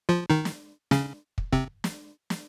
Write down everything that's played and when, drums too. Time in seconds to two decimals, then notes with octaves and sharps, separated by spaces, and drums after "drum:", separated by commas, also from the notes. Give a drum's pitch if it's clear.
0.09 F3 F4
0.30 D#3 D#4
0.45 drum: snare
0.91 C#3 C#4, drum: snare
1.38 drum: kick
1.53 C3 C4, drum: kick
1.84 drum: snare
2.30 drum: snare